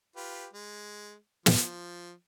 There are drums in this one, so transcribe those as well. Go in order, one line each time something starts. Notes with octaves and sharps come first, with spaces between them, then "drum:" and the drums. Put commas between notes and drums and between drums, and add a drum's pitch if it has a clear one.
F4 G4 B4
G#3
F3, drum: snare